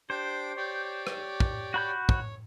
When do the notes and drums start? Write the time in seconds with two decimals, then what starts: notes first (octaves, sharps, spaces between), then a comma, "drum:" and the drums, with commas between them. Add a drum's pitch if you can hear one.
0.10 D4 G4 C5 D6
0.57 G4 C#5 D5
1.07 drum: rim click
1.40 drum: kick
1.74 F#4 B5 G6
2.09 C#5, drum: kick